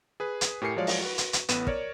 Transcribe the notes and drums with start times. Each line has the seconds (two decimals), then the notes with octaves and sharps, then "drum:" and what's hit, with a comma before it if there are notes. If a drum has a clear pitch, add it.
0.20 G#4 B4
0.41 drum: hi-hat
0.62 A2 G4 A#4 G#5 C7 C#7
0.76 F3 F#3 G#3 C#5 D5 F5
0.87 drum: open hi-hat
1.01 F#4 B4
1.18 drum: hi-hat
1.33 drum: hi-hat
1.49 A1 A2 B3 D#7 E7, drum: hi-hat
1.67 A#4 C#5 D5, drum: kick